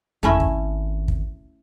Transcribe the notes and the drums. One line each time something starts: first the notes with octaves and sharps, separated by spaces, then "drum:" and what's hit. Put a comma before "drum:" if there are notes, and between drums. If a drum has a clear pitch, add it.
G#1 A3 C#4 E4, drum: tom F2
drum: kick
drum: kick